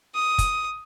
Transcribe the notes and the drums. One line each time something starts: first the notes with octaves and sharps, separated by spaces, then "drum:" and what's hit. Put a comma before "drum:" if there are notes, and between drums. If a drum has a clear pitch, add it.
D#6
drum: kick, hi-hat